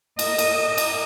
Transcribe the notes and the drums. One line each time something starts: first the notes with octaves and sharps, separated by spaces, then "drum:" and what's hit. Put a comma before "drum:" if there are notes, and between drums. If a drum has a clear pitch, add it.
D#5, drum: cymbal
drum: cymbal
drum: cymbal